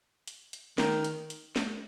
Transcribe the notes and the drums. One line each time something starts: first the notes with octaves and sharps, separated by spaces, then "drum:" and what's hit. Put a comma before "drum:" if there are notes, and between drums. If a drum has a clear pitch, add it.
drum: hi-hat
drum: hi-hat
D#3, drum: snare
drum: hi-hat
drum: hi-hat
drum: snare